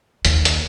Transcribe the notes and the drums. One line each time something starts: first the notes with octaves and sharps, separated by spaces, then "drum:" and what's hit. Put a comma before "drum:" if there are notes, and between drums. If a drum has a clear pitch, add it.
D#2, drum: hi-hat
drum: hi-hat